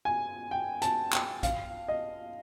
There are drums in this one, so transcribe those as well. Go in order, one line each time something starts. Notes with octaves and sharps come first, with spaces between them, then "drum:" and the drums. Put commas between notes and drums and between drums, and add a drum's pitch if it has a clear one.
G#5
G5
A5, drum: hi-hat
G5, drum: clap
F5, drum: kick A#1, hi-hat
D#5